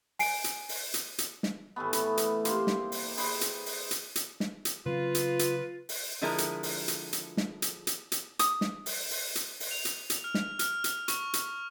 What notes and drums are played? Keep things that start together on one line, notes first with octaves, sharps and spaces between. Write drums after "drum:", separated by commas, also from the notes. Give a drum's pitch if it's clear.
G#5 C7 D7, drum: open hi-hat
drum: hi-hat
drum: open hi-hat
drum: hi-hat
drum: hi-hat
drum: snare
A2 E3 A3 B3
drum: hi-hat
drum: hi-hat
C3 A#3 C5 C6, drum: hi-hat
drum: snare
drum: open hi-hat
G#4 B4 C5 G5, drum: open hi-hat
drum: hi-hat
drum: open hi-hat
drum: hi-hat
drum: hi-hat
drum: snare
drum: hi-hat
C#3 F#3 C4 F4 B4
drum: hi-hat
drum: hi-hat
F4
drum: open hi-hat
D3 F3 G#3 E4 G#4 A#4
drum: hi-hat
drum: open hi-hat
drum: hi-hat
drum: hi-hat
drum: snare
drum: hi-hat
drum: hi-hat
drum: hi-hat
D#6, drum: hi-hat
drum: snare
drum: open hi-hat
drum: open hi-hat
drum: hi-hat
drum: open hi-hat
F7
drum: hi-hat
drum: hi-hat
F6
drum: snare
F6, drum: hi-hat
drum: hi-hat
C#6, drum: hi-hat
drum: hi-hat